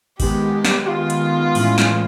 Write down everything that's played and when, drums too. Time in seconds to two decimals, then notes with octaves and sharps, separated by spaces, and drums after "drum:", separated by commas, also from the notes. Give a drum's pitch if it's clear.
0.20 D#3 G#3 B3 G4, drum: kick G#1, open hi-hat
0.65 drum: snare
0.87 F4
1.10 drum: hi-hat
1.55 A2 E3 G#3 C#4, drum: open hi-hat
1.78 drum: snare